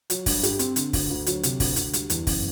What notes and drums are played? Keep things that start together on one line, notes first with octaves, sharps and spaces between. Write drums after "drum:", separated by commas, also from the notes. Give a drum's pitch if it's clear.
F#3, drum: hi-hat
G2, drum: kick, open hi-hat
G4, drum: hi-hat
C4, drum: hi-hat
D3, drum: hi-hat
D2, drum: kick, open hi-hat
D2
F#3, drum: hi-hat
C3, drum: hi-hat
D2, drum: kick, open hi-hat
D2, drum: hi-hat
G3, drum: hi-hat
E2, drum: hi-hat
F#1, drum: kick, open hi-hat